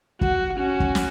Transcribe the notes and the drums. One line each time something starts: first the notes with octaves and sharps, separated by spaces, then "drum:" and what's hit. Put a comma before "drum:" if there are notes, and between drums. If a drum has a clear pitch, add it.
F#4, drum: kick
C#4 F#4
drum: kick
drum: snare